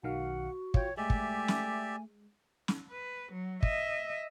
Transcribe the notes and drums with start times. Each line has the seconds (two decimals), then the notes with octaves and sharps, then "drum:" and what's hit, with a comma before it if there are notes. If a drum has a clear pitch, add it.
0.03 B1 D#3 F#4 F5 F#5
0.74 F4 C#5 G5, drum: kick
0.97 G#3 A3 G4 D5 E5 G#5
1.10 drum: kick
1.48 drum: snare
2.68 drum: snare
2.90 B4
3.32 F#3
3.63 D#5 E5, drum: kick